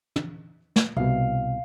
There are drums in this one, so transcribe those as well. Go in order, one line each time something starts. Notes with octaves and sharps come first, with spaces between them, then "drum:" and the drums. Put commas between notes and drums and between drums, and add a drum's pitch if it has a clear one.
drum: tom
drum: snare
C2 B2 F5